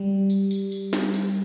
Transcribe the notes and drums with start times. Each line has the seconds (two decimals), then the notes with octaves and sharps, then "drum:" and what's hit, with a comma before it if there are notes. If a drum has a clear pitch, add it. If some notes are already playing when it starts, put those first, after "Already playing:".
Already playing: G3
0.30 drum: tambourine
0.51 drum: tambourine
0.72 drum: tambourine
0.93 drum: snare
1.14 drum: tambourine